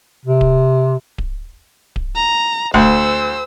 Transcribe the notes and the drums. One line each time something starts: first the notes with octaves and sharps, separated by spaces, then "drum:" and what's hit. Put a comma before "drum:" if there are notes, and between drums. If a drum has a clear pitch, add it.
C3
drum: kick D1
drum: kick D1
drum: kick D1
A#5
D2 C5 E6, drum: kick D1